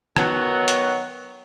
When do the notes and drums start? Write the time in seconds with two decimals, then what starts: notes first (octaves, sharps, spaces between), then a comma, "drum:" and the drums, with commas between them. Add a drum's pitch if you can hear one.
0.16 D#3 F#3 B3, drum: rim click
0.68 drum: hi-hat